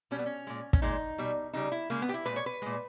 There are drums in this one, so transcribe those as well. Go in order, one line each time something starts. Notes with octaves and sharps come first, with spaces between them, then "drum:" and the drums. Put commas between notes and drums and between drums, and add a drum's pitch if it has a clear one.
B2 G3 C#4
B3
C#4
A#2 G#3
C#4, drum: kick
A#2 G#3 D#4
B2 G3
C#3 G3 D#4
E4
C#3 G#3 A#3
B3
G4
E4
A#2 G#3 B4
C#5
B4
A#2 G#3